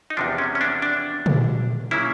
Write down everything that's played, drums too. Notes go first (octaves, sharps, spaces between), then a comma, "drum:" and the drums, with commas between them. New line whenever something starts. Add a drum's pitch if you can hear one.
D#4
E2 C3 F3 D4
C#4
C#4
D4
D4
drum: tom
C#3 F#3 A#3 C#4 E4